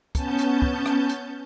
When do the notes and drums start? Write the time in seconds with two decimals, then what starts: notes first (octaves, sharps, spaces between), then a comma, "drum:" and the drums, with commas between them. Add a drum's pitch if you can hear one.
0.15 B3 C#4 A5 G6, drum: kick, hi-hat
0.38 drum: hi-hat
0.62 drum: kick
0.86 drum: rim click
1.09 drum: hi-hat